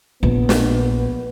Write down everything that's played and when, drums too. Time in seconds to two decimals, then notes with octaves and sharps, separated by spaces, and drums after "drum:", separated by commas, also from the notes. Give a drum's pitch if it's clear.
0.23 A#1 B3
0.49 drum: snare